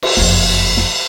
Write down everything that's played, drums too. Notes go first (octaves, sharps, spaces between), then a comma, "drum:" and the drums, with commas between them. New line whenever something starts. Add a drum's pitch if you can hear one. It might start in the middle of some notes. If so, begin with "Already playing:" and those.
drum: cymbal
F#1 F2, drum: snare
drum: snare